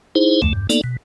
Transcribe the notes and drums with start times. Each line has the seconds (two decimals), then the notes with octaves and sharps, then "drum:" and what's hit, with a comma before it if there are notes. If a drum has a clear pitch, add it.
0.15 D#4 E4 G#4 C5
0.42 D2 A3, drum: tom E2
0.53 G2
0.69 A#3 B3 D#4 A4 D5, drum: hi-hat
0.84 B2